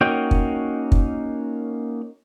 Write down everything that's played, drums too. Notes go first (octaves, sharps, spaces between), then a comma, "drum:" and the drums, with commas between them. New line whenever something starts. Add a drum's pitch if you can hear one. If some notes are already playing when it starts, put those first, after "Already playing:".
A#3 C#4 D#4 F#4 G5
drum: kick
drum: kick